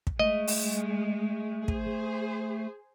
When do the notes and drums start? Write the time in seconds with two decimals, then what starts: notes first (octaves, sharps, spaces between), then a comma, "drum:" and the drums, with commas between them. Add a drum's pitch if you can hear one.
0.07 drum: kick
0.19 G#3 A3 D#5
0.47 drum: open hi-hat
1.68 G#4 C5, drum: kick